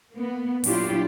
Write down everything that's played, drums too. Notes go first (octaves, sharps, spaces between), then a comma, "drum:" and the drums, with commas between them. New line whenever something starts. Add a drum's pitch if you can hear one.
A#3 B3
A#2 F#3 D4 E4 F4 G4, drum: open hi-hat